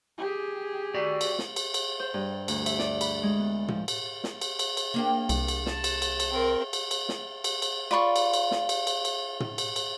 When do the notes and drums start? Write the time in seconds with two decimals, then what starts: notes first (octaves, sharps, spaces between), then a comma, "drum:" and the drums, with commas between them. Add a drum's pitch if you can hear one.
0.18 G4 G#4
0.94 F#4 D5
1.21 drum: cymbal
1.39 drum: snare
1.56 drum: cymbal
1.74 drum: cymbal
2.00 C5
2.14 G2
2.48 D2, drum: cymbal
2.66 E5, drum: cymbal
2.79 D5, drum: snare
3.01 B5, drum: cymbal
3.23 G#3
3.39 B3
3.68 F3, drum: tom
3.88 drum: cymbal
4.24 drum: snare
4.41 drum: cymbal
4.59 drum: cymbal
4.77 drum: cymbal
4.94 A#3 D4 G4
5.29 C2, drum: cymbal
5.48 drum: cymbal
5.66 A5, drum: snare
5.84 drum: cymbal
6.02 drum: cymbal
6.20 drum: cymbal
6.30 C4 A#4
6.73 drum: cymbal
6.91 drum: cymbal
7.09 drum: snare
7.44 drum: cymbal
7.62 drum: cymbal
7.91 F4 D5 B5 C#6
8.16 drum: cymbal
8.33 drum: cymbal
8.51 drum: snare
8.69 drum: cymbal
8.87 drum: cymbal
9.05 drum: cymbal
9.40 drum: tom
9.58 drum: cymbal
9.76 drum: cymbal